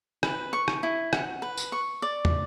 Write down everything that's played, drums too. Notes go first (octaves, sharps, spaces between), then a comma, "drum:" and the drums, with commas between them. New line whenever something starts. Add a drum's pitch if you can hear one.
B4, drum: rim click
C#6
drum: rim click
E4
F#5, drum: rim click
B4
drum: tambourine
C#6
D5
drum: tom